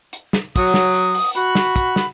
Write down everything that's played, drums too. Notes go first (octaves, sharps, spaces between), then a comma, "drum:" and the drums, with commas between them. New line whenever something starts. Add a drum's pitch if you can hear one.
drum: hi-hat
drum: snare
F#3 D#6, drum: kick, hi-hat
drum: snare
drum: hi-hat
drum: open hi-hat
F#4 B5, drum: hi-hat
drum: snare
drum: kick, hi-hat
drum: snare